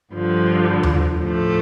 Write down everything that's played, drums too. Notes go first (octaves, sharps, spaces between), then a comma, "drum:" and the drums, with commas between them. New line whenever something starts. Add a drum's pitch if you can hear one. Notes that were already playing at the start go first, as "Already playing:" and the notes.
G2 D3 F3
drum: tom D#2
A2 F3 A3